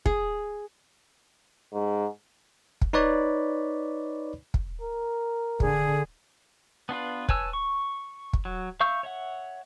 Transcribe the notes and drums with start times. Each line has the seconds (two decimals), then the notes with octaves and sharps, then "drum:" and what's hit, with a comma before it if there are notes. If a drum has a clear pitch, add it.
0.06 G#4, drum: kick
1.73 G#2
2.81 drum: kick
2.93 D#4 B4 C#5 D5 B5
4.54 drum: kick
4.81 A#4
5.60 D3 G#4, drum: kick
6.89 B3 D4 F4 B4
7.29 B4 C#5 G#5 A5 E6, drum: kick
7.53 C#6
8.33 drum: kick
8.45 F#3
8.80 E5 F5 C#6 E6 G6
9.03 C#5 E5 F#5